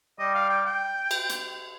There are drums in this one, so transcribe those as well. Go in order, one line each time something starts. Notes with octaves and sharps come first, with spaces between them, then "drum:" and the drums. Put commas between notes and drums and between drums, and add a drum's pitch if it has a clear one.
G3 D#5
F5
G5
G5
drum: cymbal
drum: hi-hat